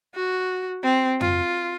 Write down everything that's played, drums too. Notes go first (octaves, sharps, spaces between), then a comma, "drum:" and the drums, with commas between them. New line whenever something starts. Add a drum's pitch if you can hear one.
F#4
C4
F4, drum: tom F2